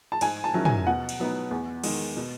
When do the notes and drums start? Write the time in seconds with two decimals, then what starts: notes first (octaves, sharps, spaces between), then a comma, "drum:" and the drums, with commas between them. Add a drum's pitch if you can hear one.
0.12 A5
0.21 G#2 G#5, drum: cymbal
0.44 A5
0.54 D#3 F#3 C#4 E4
0.65 G#5, drum: tom
0.87 B2 F#5
1.09 drum: cymbal
1.19 F#3 B3 D#4
1.51 E2
1.84 D#3 G#3, drum: cymbal
2.17 B2